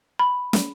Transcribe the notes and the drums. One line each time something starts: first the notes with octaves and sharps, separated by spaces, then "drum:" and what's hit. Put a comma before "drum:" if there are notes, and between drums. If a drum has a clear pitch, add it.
B5
drum: snare